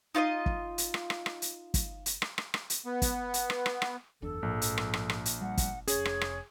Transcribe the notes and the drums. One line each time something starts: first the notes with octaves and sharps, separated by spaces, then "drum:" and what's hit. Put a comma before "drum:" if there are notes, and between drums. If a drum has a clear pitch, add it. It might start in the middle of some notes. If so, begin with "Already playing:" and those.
D#4 F4 C5 D#5
drum: kick
drum: hi-hat
drum: rim click
drum: rim click
drum: rim click
drum: hi-hat
drum: kick, hi-hat
drum: hi-hat
drum: rim click
drum: rim click
drum: rim click
drum: hi-hat
B3
drum: kick, hi-hat
drum: hi-hat
drum: rim click
drum: rim click
drum: rim click
F#1 E2 D4 A4
A#1 G#2 F3
drum: hi-hat
drum: rim click
drum: rim click
drum: rim click
drum: hi-hat
G3 F#5
drum: kick, hi-hat
F1 C#4 G#4 C#5, drum: hi-hat
drum: rim click
drum: rim click